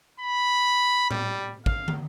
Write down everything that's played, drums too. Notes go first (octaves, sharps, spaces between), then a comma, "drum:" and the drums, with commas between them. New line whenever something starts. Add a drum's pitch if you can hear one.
B5
G3, drum: tom A2
F5, drum: kick
drum: tom